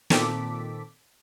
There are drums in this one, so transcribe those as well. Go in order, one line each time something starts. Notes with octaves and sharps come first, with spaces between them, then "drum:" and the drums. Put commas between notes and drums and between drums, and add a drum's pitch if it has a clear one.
A#2 D#3 C4 A4 D6 B6, drum: snare